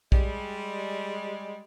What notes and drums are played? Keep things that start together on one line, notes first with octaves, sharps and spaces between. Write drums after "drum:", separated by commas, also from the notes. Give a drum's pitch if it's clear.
G3 G#3, drum: kick